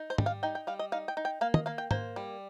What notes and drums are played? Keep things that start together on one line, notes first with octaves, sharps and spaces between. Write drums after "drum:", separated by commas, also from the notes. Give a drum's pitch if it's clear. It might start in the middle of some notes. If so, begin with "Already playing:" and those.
Already playing: D#4
C5
G3, drum: tom
F5
D#4 G5
G5
G3 F5
D#5
D#4 F5
G5
D#4
G5
A#3 F5
D#5, drum: tom
A#3 F5
G5
A#3 C5, drum: tom
G3